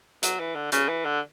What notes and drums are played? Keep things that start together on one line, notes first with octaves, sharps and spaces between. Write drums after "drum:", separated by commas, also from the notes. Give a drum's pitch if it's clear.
F#3, drum: hi-hat
E3
D3
C#3, drum: hi-hat
E3
D3